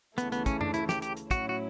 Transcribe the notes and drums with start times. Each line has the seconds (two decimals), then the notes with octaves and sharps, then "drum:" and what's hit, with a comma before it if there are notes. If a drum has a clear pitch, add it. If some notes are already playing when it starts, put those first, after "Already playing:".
0.18 D2 C#3 E3 A3 B3, drum: hi-hat
0.32 B3, drum: hi-hat
0.46 C#4, drum: kick, hi-hat
0.61 D4, drum: tom F#2
0.74 E4, drum: hi-hat
0.89 G4, drum: snare
1.02 G4, drum: hi-hat
1.17 drum: hi-hat
1.31 A2 F#3 C#4 E4 F#4, drum: kick, hi-hat
1.49 F#4